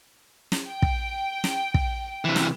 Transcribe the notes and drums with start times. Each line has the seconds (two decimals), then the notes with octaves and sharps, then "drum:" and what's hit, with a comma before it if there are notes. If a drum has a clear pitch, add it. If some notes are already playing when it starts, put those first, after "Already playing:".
0.52 drum: snare
0.67 G5
0.82 drum: kick
1.44 drum: snare
1.74 drum: kick
2.25 C3 E3
2.36 drum: snare